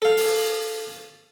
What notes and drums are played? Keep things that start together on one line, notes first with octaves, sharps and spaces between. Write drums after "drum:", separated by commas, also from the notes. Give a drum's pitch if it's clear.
A4 F5
drum: open hi-hat